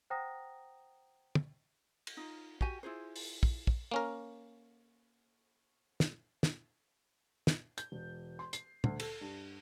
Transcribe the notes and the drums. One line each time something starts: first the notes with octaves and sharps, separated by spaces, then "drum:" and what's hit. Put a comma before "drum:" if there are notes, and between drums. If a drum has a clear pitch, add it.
C5 F#5 G5 A#5 D#6 A#6
drum: tom
drum: cymbal
D#4 F4
F#4 G4 G#5, drum: kick
E4 F4 G#4 C5
drum: open hi-hat
drum: kick
drum: kick
A#3 C#4 A#4
drum: snare
drum: snare
drum: snare
G6, drum: hi-hat
E1
C6
C7, drum: hi-hat
D2, drum: tom
A4, drum: cymbal
G2